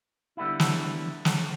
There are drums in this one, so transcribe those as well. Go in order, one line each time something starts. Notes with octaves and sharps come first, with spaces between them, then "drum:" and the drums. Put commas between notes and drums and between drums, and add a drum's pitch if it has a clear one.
D3 G3 B3 E4
drum: snare
drum: snare